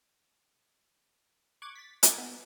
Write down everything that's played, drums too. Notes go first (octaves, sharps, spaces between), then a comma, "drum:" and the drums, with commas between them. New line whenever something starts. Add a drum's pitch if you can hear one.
C#6 D6 F#6 G#6
A6 B6
G#5 D6 G6 A6, drum: hi-hat
B3